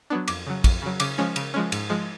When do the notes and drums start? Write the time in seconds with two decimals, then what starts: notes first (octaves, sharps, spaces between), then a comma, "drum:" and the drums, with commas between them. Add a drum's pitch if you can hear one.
0.10 F#3 B3 D4
0.28 F2 D6, drum: cymbal
0.47 C#3 F#3
0.64 F2, drum: kick, cymbal
0.82 C#3 F#3
1.00 C#3 D6, drum: cymbal
1.18 F3 G#3 C#4
1.36 C#3, drum: cymbal
1.54 F3 G#3 C#4
1.72 G#2, drum: cymbal
1.90 F3 G#3